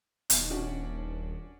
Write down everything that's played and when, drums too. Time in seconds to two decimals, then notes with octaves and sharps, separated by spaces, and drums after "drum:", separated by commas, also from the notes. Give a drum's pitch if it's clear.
0.30 D#1 B2, drum: hi-hat
0.50 C#4 D4 F#4